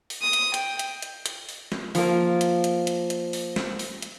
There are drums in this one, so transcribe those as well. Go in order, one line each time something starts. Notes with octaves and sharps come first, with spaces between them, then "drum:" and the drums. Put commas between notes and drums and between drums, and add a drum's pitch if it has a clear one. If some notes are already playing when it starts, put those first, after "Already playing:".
drum: open hi-hat
D#6
drum: hi-hat
G5, drum: hi-hat
drum: hi-hat
drum: hi-hat
drum: hi-hat
drum: open hi-hat
drum: snare
F3 A#3, drum: open hi-hat
drum: hi-hat
drum: hi-hat
drum: hi-hat
drum: hi-hat
drum: open hi-hat
drum: snare
drum: open hi-hat
drum: hi-hat